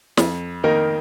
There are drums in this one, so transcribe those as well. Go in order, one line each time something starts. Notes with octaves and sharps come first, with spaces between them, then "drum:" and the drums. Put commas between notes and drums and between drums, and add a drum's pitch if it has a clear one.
F2, drum: snare
D#3 A#3 D#4 A#4